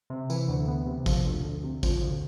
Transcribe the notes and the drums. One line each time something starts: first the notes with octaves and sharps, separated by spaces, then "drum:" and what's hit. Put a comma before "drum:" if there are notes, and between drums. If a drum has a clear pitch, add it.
C3
E3, drum: tambourine
D2
B3
C3
F3, drum: kick, tambourine
D2
D2
C3
F3, drum: kick, tambourine
D2